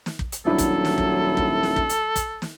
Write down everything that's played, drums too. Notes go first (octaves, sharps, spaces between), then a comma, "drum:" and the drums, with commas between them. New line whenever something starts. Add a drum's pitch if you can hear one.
drum: snare
drum: kick
drum: hi-hat
D#1 F#3 D4 E4 A4
drum: kick, hi-hat
drum: snare
drum: kick
drum: kick
drum: snare
drum: kick
drum: hi-hat
drum: kick, hi-hat
drum: snare